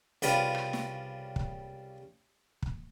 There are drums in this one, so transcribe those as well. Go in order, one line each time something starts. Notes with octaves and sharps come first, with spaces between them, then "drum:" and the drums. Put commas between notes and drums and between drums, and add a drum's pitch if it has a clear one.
C2 C#3 G3 F4 B4, drum: hi-hat
drum: rim click
drum: snare
drum: kick
drum: kick